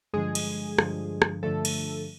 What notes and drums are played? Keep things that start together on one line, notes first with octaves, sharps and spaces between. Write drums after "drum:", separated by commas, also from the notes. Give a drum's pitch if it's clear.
G2 D3 F3 G#3 G#4
drum: cymbal
G2 D3 F3, drum: rim click
drum: rim click
G2 D3 F3 A3 A4
drum: cymbal